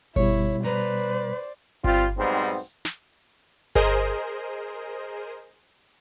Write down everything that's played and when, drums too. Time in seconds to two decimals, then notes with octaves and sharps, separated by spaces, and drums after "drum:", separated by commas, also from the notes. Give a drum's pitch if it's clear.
0.16 B2 G3 E4 C#5, drum: kick G1
0.64 B4 C5 D5 A#5
1.84 G3 C4 F4, drum: kick G1
2.18 B1 G#2 G3 B3 C4
2.37 drum: open hi-hat
2.85 drum: snare
3.75 G#4 A#4 C5 D#5, drum: kick G1